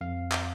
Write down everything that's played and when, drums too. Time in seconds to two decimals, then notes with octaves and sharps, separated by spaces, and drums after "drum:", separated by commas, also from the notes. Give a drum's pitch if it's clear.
0.01 F2 F5
0.32 drum: clap